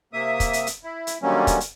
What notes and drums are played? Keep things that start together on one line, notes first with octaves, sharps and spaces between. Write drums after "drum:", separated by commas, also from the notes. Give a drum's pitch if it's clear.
C3 A#3 E5 D#6
drum: kick, hi-hat
drum: hi-hat
drum: hi-hat
E4
drum: hi-hat
D3 D#3 F#3 G3 A#3 C#4
drum: kick, hi-hat
drum: hi-hat